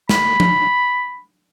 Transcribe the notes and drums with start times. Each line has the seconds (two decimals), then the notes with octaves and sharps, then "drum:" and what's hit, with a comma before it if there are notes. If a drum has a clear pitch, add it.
0.09 B5, drum: snare
0.40 drum: tom